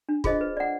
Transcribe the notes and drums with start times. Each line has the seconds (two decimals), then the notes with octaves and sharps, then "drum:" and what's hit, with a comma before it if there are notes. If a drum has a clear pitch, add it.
0.09 D4
0.24 F4 G#4 C5 D#5, drum: kick
0.41 B4
0.57 D5 F#5